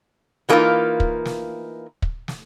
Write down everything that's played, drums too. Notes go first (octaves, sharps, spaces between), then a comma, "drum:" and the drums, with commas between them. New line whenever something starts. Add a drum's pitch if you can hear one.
E3 G#3 A#3 B3 D#4 F4
drum: kick
drum: snare
drum: kick
drum: snare